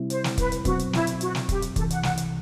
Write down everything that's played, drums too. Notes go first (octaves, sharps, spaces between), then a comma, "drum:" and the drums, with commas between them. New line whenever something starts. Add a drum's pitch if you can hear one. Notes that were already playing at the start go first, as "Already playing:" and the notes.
Already playing: C3 G3 C4 E4
C5, drum: hi-hat
drum: snare
B4, drum: kick, hi-hat
drum: hi-hat
B2 F#3 C4 F#4, drum: kick, hi-hat
drum: hi-hat
E4, drum: snare
drum: hi-hat
F#4, drum: hi-hat
drum: snare
G4, drum: kick, hi-hat
drum: hi-hat
C2 C3 E3 A4, drum: kick, hi-hat
F#5, drum: hi-hat
F#5, drum: snare
drum: hi-hat